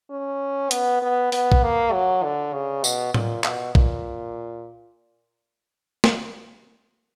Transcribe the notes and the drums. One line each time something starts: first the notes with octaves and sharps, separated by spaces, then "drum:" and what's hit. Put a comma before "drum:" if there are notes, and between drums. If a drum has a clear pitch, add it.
C#4
B3, drum: hi-hat
B3
B3, drum: open hi-hat
drum: kick
A#3
F#3
D3
C#3
B2, drum: tambourine
A#2, drum: tom A2
B2, drum: clap
A#2, drum: kick
drum: snare